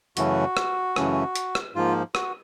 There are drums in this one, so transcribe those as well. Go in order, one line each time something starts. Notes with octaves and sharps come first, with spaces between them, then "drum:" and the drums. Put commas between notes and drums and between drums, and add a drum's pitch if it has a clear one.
F#2 C#3 E3 A3 C#4 F#4, drum: hi-hat
drum: rim click
F#2 C#3 E3 A3 C#4, drum: rim click
drum: hi-hat
drum: rim click
G#2 F3 A#3 F4
F#4, drum: rim click